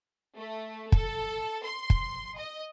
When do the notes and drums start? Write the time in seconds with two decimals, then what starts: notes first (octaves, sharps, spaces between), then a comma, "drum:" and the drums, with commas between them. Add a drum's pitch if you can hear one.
0.36 A3
0.92 A4, drum: kick
1.64 C6
1.90 drum: kick
2.37 D#5